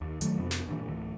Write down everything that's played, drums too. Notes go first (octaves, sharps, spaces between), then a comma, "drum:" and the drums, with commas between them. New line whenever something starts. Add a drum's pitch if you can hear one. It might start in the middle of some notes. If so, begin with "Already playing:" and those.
D#2
D2 D#3 F#3 A3, drum: hi-hat
F2 C3 B3
drum: snare
G2 A#2 D#3 E3
D1 A2 E3